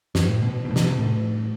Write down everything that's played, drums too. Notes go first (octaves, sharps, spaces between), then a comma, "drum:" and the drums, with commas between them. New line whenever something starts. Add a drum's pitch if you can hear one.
F#2, drum: snare
A2
B2
B2
A2
C3, drum: snare
B2
C3
A2